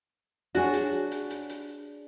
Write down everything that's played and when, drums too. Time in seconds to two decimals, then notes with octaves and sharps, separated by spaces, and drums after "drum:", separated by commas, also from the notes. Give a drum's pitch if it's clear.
0.55 D4 F#4 G#4 C#5, drum: hi-hat
0.74 drum: hi-hat
1.11 drum: hi-hat
1.30 drum: hi-hat
1.49 drum: hi-hat